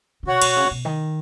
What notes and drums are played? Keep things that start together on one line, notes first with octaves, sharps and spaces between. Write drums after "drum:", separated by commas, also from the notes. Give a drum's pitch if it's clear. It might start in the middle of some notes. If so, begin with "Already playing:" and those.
C#3
B2 F#4 C#5 F#5
B2, drum: cymbal
C#3
A#2
B2
D#3